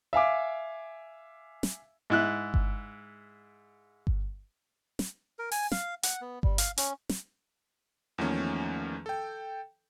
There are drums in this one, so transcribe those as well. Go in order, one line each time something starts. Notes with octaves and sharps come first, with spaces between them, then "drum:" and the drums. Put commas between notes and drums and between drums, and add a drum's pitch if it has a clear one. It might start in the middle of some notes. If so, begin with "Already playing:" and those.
E5 F5 G#5 D6
drum: snare
G#2 E4 F#6
drum: kick G1
drum: kick G1
drum: snare
A#4
G#5, drum: open hi-hat
F5, drum: snare
F#5, drum: hi-hat
B3
G3, drum: kick G1
F5, drum: hi-hat
C#4, drum: hi-hat
drum: snare
E2 D#3 F3 A3 A#3 C#4
A4 G5